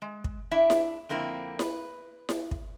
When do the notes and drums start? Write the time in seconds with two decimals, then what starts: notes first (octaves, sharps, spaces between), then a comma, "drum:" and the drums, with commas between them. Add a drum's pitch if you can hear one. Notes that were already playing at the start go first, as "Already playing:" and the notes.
0.02 G#3
0.24 drum: kick
0.51 D4 E4 E5
0.70 drum: snare E4
1.09 F2 D3 A#3 C4 E4
1.59 B4, drum: snare E4
2.29 drum: snare E4
2.51 drum: kick